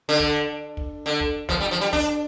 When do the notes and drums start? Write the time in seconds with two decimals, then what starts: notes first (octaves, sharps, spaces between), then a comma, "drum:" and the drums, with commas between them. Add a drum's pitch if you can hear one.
0.09 D3
0.19 drum: kick
0.77 drum: kick
1.06 D3
1.20 drum: kick
1.49 F3, drum: snare
1.60 G3
1.71 F3
1.81 G3
1.93 D4, drum: kick